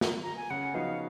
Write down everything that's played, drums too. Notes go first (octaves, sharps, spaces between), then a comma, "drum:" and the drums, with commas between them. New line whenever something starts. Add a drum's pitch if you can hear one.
drum: snare
A#5
G#5
C#3 F#5
F3 B3 D#4 F#4 F5